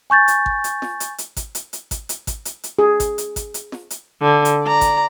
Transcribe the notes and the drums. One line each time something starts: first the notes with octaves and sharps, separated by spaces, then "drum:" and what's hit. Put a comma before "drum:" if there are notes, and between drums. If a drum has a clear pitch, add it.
G#5 C#6 G6 A6
drum: hi-hat
drum: kick G#1
drum: hi-hat
drum: snare
drum: hi-hat
drum: hi-hat
drum: kick G#1, hi-hat
drum: hi-hat
drum: hi-hat
drum: kick G#1, hi-hat
drum: hi-hat
drum: kick G#1, hi-hat
drum: hi-hat
drum: hi-hat
G#4
drum: kick G#1, hi-hat
drum: hi-hat
drum: kick G#1, hi-hat
drum: hi-hat
drum: snare
drum: hi-hat
D3
drum: hi-hat
D5 A#5
drum: kick G#1, hi-hat